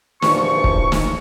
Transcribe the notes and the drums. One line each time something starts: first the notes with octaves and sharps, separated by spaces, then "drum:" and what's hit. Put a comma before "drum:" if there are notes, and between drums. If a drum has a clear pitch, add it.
E2 G2 A#2 F3 C#6, drum: snare
drum: kick
drum: snare